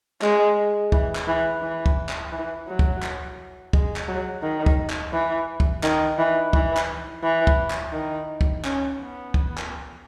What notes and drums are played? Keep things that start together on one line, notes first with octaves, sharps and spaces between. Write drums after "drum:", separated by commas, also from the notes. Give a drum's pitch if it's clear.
G#3, drum: clap
E3, drum: kick
drum: clap
E3
E3
drum: kick
drum: clap
E3
F#3
drum: kick
drum: clap
G#3, drum: kick
drum: clap
F#3
D#3
drum: kick
drum: clap
E3
drum: kick
D#3, drum: clap
E3
E3, drum: kick
drum: clap
E3
drum: kick
drum: clap
D#3
drum: kick
C#4, drum: clap
B3
drum: kick
drum: clap